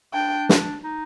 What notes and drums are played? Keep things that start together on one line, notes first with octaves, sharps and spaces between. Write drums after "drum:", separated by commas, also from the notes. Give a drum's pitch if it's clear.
D4 G5
drum: snare
D#4